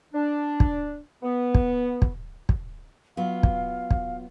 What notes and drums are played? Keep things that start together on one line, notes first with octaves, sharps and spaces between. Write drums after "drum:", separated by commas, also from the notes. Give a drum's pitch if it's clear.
D4
drum: kick
B3
drum: kick
drum: kick
drum: kick
F#3 B3 F4 F5
drum: kick
drum: kick